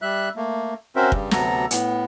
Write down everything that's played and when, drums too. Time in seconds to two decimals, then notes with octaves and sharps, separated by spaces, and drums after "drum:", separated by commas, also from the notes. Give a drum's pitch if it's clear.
0.02 G3 E5 F#6
0.36 A3 A#3
0.96 C4 C#4 F#4 A#4 C5 E5
1.12 G2 C#3 G3, drum: kick
1.31 D2 C3 F#3 B3 A4 A#5, drum: snare
1.71 A2 B3, drum: hi-hat